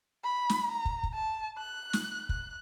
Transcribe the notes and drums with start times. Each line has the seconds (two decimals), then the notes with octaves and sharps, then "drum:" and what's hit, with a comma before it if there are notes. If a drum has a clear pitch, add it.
0.24 B5
0.49 drum: snare
0.72 A#5
0.85 drum: kick
1.03 drum: kick
1.14 A5
1.58 F#6
1.93 drum: snare
2.29 F#6, drum: kick